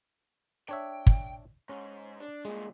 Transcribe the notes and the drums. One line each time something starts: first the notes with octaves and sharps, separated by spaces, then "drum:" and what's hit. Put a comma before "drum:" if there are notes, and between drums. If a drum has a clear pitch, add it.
D4 C#5 E5 G5
drum: kick
G#2 C#4
D4
G2 A#2 G#3